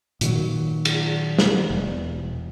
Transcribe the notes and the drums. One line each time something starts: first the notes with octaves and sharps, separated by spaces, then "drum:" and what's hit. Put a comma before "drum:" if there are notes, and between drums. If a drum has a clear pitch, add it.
A#2 D#3 F#3, drum: hi-hat
drum: cymbal
drum: snare
E1